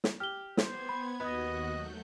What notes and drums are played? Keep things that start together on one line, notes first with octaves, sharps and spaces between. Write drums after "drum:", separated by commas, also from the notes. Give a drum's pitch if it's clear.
drum: snare
G4 F6 G7
B3 C5 G#6, drum: snare
B5
D#2 B3 F#4 D#5 F#6
F#3 A3 G6